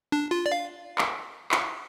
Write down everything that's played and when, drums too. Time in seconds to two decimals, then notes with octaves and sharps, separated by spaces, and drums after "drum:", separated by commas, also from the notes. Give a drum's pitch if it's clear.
0.12 D4
0.31 F4
0.46 D5
0.52 F5
0.98 drum: clap
1.51 drum: clap